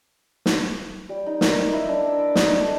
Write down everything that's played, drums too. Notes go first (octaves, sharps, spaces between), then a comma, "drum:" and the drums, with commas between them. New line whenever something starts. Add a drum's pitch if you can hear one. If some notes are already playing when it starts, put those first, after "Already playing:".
drum: snare
G3
D#4
A#4, drum: snare
D#4
E4
D4
E5
D6
D#4, drum: snare
D5
A4